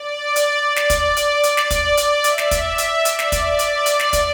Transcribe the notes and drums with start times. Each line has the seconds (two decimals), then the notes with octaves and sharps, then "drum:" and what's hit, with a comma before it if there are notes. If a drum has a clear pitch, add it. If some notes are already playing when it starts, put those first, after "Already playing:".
Already playing: D5
0.36 drum: hi-hat
0.63 D5
0.76 drum: snare
0.90 drum: kick, hi-hat
1.17 drum: hi-hat
1.44 D5, drum: hi-hat
1.57 drum: snare
1.71 drum: kick, hi-hat
1.98 drum: hi-hat
2.24 E5, drum: hi-hat
2.38 drum: snare
2.51 drum: kick, hi-hat
2.78 drum: hi-hat
3.05 D5, drum: hi-hat
3.19 drum: snare
3.32 drum: kick, hi-hat
3.59 drum: hi-hat
3.86 drum: hi-hat
3.99 drum: snare
4.13 drum: kick, hi-hat